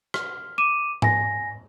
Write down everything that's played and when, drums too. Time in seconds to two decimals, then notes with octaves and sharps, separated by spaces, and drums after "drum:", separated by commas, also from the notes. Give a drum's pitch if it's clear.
0.14 F6, drum: rim click
0.58 D6 D#7 E7
1.02 G#5 A#6, drum: tom G#2